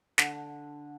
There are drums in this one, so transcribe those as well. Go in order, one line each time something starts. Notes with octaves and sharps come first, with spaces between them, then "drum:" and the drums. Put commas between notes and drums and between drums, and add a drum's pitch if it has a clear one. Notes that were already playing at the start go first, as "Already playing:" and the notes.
D3, drum: snare